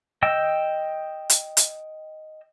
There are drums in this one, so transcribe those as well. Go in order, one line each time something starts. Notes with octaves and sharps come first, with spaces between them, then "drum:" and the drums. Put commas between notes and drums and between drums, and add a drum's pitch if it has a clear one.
D#5 G5 E6
drum: hi-hat
drum: hi-hat